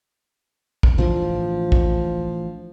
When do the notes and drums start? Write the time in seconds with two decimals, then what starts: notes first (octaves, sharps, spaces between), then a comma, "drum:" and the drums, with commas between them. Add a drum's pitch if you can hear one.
0.83 drum: kick
0.98 A2 E3 F3 D4
1.72 drum: kick